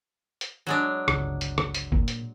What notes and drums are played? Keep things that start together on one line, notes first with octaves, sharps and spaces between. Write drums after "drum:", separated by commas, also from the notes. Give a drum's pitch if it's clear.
drum: hi-hat
F#3 G#3 D4
G1 C#2, drum: rim click
drum: hi-hat
drum: rim click
drum: hi-hat
A#2, drum: kick G1
drum: hi-hat